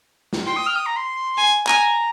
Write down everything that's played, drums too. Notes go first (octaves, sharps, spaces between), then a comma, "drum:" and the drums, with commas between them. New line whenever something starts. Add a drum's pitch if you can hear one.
drum: snare
G5 C6
D#6
F6
D#6
A#5
C6
G#5
drum: hi-hat
G#5 A#5, drum: clap